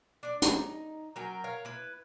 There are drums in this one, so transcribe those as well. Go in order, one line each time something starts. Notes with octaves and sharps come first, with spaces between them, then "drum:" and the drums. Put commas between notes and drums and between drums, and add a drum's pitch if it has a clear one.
D4 D5
D#4, drum: hi-hat
F#3 C#4 A#4 G5
A#4 C#5 F5
E4 B4